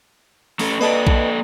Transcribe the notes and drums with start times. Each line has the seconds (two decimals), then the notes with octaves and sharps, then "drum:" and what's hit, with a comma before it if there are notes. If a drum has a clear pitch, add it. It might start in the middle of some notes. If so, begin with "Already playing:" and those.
0.59 A3 C#4 A4, drum: open hi-hat
0.81 A#3 A4 B4 D5 D#5 A5
1.07 drum: kick A#1